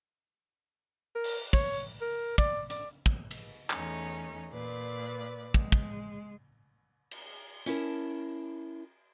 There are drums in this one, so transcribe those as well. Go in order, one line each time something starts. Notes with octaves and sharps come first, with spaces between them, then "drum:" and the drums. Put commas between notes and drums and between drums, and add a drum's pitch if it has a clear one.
A#4
drum: open hi-hat
C#5, drum: kick
A#4
D5, drum: kick
D5, drum: hi-hat
drum: kick
drum: cymbal
E2 A3 C#4 D#4, drum: clap
A#2 B4 D5
G#3, drum: kick
drum: kick
drum: cymbal
C#4 E4 A#4 A5